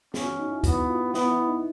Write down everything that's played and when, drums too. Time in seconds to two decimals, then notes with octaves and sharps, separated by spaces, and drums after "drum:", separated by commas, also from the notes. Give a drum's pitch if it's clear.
0.14 C#4 G#4, drum: snare
0.26 F#4
0.39 D#4
0.52 E4
0.64 B3 F#4, drum: kick, hi-hat
0.90 F4
1.14 B3 E4, drum: snare
1.31 E4
1.48 D#4